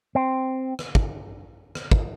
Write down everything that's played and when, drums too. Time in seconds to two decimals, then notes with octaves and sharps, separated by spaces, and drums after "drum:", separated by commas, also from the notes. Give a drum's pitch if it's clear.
0.15 C4
0.79 drum: rim click
0.95 drum: kick
1.75 drum: rim click
1.91 drum: kick